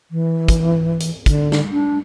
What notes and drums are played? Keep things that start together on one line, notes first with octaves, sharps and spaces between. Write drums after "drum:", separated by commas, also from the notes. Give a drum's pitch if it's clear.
E3
drum: kick, hi-hat
drum: hi-hat
D3, drum: kick, hi-hat
drum: snare
D4